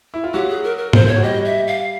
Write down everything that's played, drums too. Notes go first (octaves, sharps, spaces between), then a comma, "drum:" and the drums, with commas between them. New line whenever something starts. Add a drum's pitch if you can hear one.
E4
F4
F#3 F#4 G4
G#4
A#4
A#4
C5, drum: tom G#2
C#5
F#4
G3 G4 D#5
E5
F5